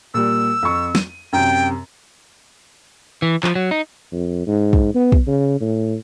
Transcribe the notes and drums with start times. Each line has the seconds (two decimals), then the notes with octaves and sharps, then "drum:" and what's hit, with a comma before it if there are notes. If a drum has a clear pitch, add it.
0.14 A#2 G3 E6
0.63 F2 C#6
0.95 D#7, drum: snare
1.33 F#2 C3 G5
3.22 E3
3.43 F3, drum: clap
3.55 F#3
3.71 D#4
4.12 F2
4.47 G#2
4.73 drum: kick
4.95 B3
5.12 drum: kick
5.27 C#3
5.61 A2